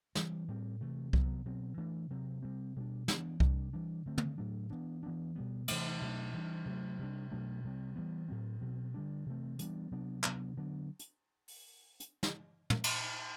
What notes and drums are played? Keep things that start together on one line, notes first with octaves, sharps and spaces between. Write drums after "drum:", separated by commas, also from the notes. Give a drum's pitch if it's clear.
E3 G3 C4, drum: snare
A2 G3 C4
C3 E3 A3
C3 F#3 B3, drum: kick C2
B2 F#3 C4
E3 A3 D4
C3 F#3 C4
C3 G3 C4
B2 G3 B3 D4
E3 B3 D4, drum: snare
C3 G3 D4, drum: kick C2
E3 G3 D4
D3 A3 C4
drum: tom
A2 F#3 A3 D4
E3 B3 D4
E3 B3 D4
B2 G3 B3
C3 E3 A3, drum: cymbal
B2 F#3 A3 D4
E3 G3 D4
C3 F#3 A3
C3 G3 D4
B2 F#3 A3 D4
C3 G3 C4
E3 G3 B3
A2 F#3 C4
B2 F#3 C4
D3 G3 D4
C3 E3 A3 C4
E3 G3 B3 D4, drum: hi-hat
C3 F#3 B3 D4
C3 F#3 B3 D4, drum: clap
D3 F#3 B3 D4
drum: hi-hat
drum: open hi-hat
drum: hi-hat
drum: snare
drum: tom
drum: cymbal